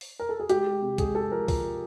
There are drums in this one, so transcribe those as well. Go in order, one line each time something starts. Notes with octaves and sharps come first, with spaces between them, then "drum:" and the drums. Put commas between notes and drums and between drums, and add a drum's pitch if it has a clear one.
drum: open hi-hat
A#4
A4
G#4
G#3 G4, drum: hi-hat
G#3
C3
G#3 G#4, drum: kick, hi-hat
G#3 A4
F3 A#4
F3 A#4, drum: kick, open hi-hat